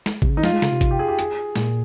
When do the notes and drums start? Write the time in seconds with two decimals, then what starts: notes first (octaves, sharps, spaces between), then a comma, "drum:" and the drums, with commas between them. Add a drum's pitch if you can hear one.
0.06 drum: snare
0.22 C3, drum: kick G#1
0.29 C#3
0.37 D#3 D#4
0.43 F3 F4, drum: snare
0.53 G#3
0.62 C#3, drum: snare
0.71 C3
0.81 drum: kick G#1, hi-hat
0.91 G4
0.99 G#4
1.09 G4
1.19 G#4, drum: hi-hat
1.56 A#2, drum: snare